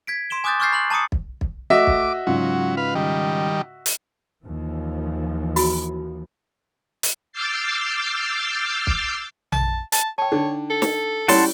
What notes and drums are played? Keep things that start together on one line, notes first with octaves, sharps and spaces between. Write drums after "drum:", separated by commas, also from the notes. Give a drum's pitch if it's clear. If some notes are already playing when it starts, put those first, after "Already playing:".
G#6 B6 D7
C6 D7 E7 G7
G#5 D6 D#6 F#6 G6 A6
C#6 D6 F6 G6 A6 C7
B5 F#6 F#7 G7
A5 A#5 D6 D#6 C#7
drum: kick
drum: kick
A3 F#4 D#5 E5 D6
drum: kick
G#2 C#3 F#3 F4
B4 F5
D#3 G3
drum: hi-hat
D#2 E3 F3
E4 F#4 B5, drum: open hi-hat
drum: hi-hat
D6 E6 F6 G6 A6 C7
drum: kick
A5, drum: tom A#1
A5, drum: hi-hat
C#5 G5 A5
D3 D#4
A4
drum: snare
G3 C#4 E4 C#5 F#5 A5 C6, drum: open hi-hat